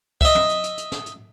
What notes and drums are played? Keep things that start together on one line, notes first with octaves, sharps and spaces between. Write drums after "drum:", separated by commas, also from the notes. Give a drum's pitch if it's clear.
D#5 E5, drum: kick
drum: tom
drum: hi-hat
drum: hi-hat
drum: hi-hat
drum: snare
drum: hi-hat